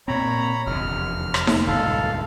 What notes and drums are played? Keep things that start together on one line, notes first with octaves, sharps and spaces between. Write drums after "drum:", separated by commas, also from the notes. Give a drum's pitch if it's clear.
A#2 C4 C#5 A#5 B5
F1 E2 D3 F6
drum: rim click
drum: snare D#4
D#1 C#2 G2 A4 F5